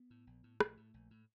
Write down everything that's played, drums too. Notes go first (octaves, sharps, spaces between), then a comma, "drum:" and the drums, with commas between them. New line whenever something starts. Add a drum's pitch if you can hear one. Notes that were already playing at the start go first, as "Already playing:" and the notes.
Already playing: B3
A2
A#1
A2
A#1 A3, drum: rim click
A2
A#1
A2